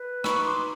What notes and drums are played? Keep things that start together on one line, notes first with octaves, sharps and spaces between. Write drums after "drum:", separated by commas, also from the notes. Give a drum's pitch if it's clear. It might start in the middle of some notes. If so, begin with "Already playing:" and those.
Already playing: B4
D#4 B5 C#6, drum: rim click
C6 D6
D#4